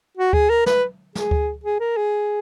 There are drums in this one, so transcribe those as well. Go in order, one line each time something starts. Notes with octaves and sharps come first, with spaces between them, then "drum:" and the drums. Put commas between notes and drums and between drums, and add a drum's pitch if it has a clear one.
F#4
G#4, drum: kick D2
A#4
B4, drum: snare
G#4, drum: snare
drum: kick D2
G#4
A#4
G#4